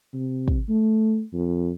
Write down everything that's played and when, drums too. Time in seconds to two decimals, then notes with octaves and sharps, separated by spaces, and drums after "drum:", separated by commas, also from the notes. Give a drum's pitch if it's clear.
0.14 C3
0.48 drum: kick
0.69 A3
1.34 F2